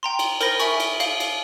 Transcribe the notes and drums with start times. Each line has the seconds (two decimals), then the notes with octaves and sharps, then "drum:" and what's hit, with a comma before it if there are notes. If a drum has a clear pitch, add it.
0.03 G5 A#5 C6
0.19 drum: cymbal
0.41 A#4 C5 B5 A#6, drum: cymbal
0.60 E5 G#5 C#6, drum: cymbal
0.80 drum: cymbal
1.00 F5, drum: cymbal
1.20 drum: cymbal